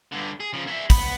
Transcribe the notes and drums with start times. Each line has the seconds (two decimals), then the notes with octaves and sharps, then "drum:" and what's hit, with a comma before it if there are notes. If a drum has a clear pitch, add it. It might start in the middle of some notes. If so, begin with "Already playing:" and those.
0.12 G2 D3
0.40 G#4
0.53 C#3 F3
0.67 G#4 E5
0.90 B3 B5, drum: kick, open hi-hat